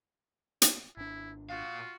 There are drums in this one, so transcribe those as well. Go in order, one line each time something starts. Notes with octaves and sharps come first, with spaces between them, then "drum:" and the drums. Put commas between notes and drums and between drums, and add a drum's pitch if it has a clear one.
drum: hi-hat
G#1 D4 E4
A#2 F4 F#4 F5